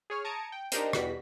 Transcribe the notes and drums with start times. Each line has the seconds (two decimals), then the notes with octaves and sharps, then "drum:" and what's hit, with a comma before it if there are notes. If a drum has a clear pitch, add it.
0.10 G#4 C#5 F6
0.25 A5 A#5 D#6 G#6 C#7 D7
0.52 G5
0.72 D4 D#4 G4 A#4 C5, drum: hi-hat
0.93 E2 B2 G3 F#4 B6, drum: rim click